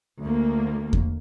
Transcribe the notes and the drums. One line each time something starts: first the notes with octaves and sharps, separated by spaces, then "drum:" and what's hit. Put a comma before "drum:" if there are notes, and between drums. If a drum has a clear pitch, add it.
D2 A#3
drum: kick E2